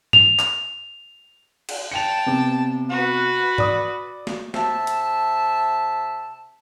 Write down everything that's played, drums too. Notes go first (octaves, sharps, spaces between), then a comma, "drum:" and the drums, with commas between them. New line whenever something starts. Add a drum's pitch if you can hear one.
F7, drum: tom G2
drum: clap
drum: cymbal
G5 A5 C#7 F7
C3 B3
F#4 B4
D5 D#6, drum: tom G2
drum: snare
C3 E5 A5, drum: snare
drum: hi-hat